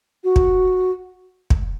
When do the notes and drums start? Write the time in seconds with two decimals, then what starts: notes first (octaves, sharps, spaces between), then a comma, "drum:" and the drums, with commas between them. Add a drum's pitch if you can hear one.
0.24 F#4
0.36 drum: kick
1.50 drum: kick